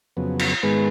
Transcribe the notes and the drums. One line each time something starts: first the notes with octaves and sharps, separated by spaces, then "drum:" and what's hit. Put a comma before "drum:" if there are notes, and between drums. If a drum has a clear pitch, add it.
F2 C#3 F#3 B3
drum: cymbal
G#2 D#3 G#3 B3 B4